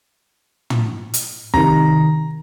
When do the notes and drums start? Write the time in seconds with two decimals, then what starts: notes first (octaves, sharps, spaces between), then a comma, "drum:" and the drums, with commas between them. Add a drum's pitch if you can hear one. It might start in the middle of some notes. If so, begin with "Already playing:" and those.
0.70 drum: tom
1.14 drum: hi-hat
1.54 C3 D#3 A#5, drum: kick